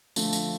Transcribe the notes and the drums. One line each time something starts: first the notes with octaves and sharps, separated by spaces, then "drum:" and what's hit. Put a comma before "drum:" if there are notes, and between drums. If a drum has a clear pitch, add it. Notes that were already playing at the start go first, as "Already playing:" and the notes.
D3 F3 A3, drum: tambourine
drum: tambourine